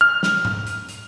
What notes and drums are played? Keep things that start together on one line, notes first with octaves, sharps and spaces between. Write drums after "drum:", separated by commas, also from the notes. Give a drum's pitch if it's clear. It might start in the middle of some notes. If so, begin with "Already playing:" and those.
F6
drum: snare
drum: tom G#2
drum: hi-hat
drum: hi-hat